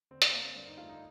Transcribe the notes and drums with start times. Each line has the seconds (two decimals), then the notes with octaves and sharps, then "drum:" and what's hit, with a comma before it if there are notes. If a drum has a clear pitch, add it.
0.11 D3 C4
0.22 C4, drum: hi-hat
0.32 D3 A#3
0.44 C4
0.56 G2 D4
0.67 D#4
0.78 A3 F4
0.89 D#4